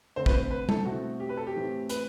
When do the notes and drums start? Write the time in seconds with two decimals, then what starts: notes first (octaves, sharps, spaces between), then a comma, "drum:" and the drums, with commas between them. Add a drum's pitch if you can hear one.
0.16 D3 A3 C4 C5
0.26 B4, drum: kick
0.34 C5
0.51 B4
0.69 A4, drum: tom G3
0.85 B2 A3 C4 E4 F#4
1.20 G4
1.29 B4
1.37 A4
1.47 G4
1.55 A2 E3 A3 C4
1.89 B4, drum: hi-hat